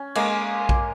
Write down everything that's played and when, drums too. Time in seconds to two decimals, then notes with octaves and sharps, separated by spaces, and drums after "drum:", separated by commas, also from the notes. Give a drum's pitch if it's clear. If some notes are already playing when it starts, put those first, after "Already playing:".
Already playing: C#4
0.15 G#3 A#3, drum: cymbal
0.69 drum: kick A#1